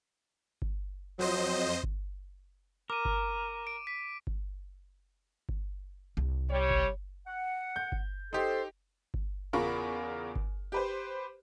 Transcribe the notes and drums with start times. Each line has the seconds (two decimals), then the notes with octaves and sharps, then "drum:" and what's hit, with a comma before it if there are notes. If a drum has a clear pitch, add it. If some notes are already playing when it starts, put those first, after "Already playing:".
0.62 drum: kick G1
1.19 F2 F#3 C5 D#5
1.84 drum: kick G1
2.90 A#4 D6 D#7
3.05 drum: kick G1
3.67 D7
3.87 B6
4.27 drum: kick G1
5.49 drum: kick G1
6.17 C2
6.50 G3 C#5
6.70 drum: kick G1
7.27 F#5
7.76 G6
7.92 drum: kick G1
8.33 D#4 G4 A4 C5
9.14 drum: kick G1
9.53 E2 C#3 F4 A#4 B5 C#6
10.36 drum: kick G1
10.72 G4 B4 C5